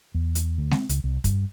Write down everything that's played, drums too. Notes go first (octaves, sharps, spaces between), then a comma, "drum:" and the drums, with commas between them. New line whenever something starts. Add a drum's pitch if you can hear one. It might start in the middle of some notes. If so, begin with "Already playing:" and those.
E2
drum: hi-hat
D2
C4, drum: snare G#3
C#2, drum: hi-hat
C2
G2, drum: kick, hi-hat